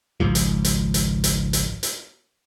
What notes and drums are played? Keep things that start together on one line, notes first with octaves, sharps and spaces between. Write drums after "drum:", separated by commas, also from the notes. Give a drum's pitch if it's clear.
G#1 C#2 G#2 F3
drum: hi-hat
drum: hi-hat
drum: hi-hat
drum: hi-hat
drum: hi-hat
drum: hi-hat